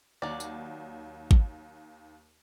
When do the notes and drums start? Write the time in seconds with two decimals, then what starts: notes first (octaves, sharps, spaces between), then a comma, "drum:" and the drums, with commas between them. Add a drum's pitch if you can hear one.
0.22 D#2 F#3 D5
0.40 drum: tambourine
1.31 drum: kick G#1